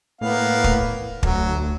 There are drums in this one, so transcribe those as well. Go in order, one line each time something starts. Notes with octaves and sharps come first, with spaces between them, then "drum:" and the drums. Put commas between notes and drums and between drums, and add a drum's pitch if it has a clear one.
A2 A#3 B3 F5
drum: kick
D2 F#3, drum: kick